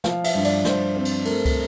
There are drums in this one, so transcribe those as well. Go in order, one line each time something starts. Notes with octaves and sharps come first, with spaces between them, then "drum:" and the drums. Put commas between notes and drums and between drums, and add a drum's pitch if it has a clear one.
F3 F5, drum: snare
E5, drum: cymbal
G2
D5, drum: cymbal
G2 C5, drum: snare
C4
drum: cymbal
A3 A#4, drum: cymbal
drum: kick, cymbal